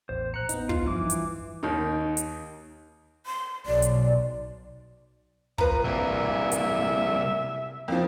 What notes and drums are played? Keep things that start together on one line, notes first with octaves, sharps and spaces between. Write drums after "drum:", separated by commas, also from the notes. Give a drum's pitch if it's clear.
A1 E2 C5
A#1 A#5 F#6 C#7
B3 D#4, drum: hi-hat
F4, drum: kick
G2 E3 F3 D6
drum: hi-hat
D#2 D#3 D#4
drum: hi-hat
C6
B1 D5
drum: hi-hat
F3 B4 A#5, drum: kick
C2 A#3 E5
drum: hi-hat
F2 F3 A#3